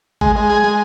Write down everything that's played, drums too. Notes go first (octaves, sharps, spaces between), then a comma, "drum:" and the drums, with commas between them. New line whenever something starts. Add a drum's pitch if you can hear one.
G#3, drum: kick
G#3
G#4
G#3